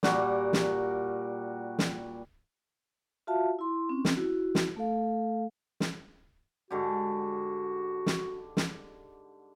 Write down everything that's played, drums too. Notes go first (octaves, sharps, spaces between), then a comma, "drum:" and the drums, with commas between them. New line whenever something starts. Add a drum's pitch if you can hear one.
A#2 G3 F#4 A#4, drum: snare
drum: snare
drum: snare
F4 F#4 E5 F5 A5
E4 C6
C4 C#4
drum: snare
E4 F#4
drum: snare
A3 A4 F5
drum: snare
G#2 D3 F#4 G4
drum: snare
drum: snare